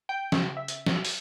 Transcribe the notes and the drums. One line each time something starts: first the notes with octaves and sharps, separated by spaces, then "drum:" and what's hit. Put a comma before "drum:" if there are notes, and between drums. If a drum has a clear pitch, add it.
G5
C#3, drum: snare
E5
drum: hi-hat
drum: snare
drum: open hi-hat